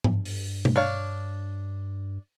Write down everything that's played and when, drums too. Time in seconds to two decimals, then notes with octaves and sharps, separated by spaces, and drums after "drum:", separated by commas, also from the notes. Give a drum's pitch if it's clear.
0.04 G2, drum: tom G#2
0.25 drum: open hi-hat
0.65 drum: tom B2
0.76 D4 C#5 F5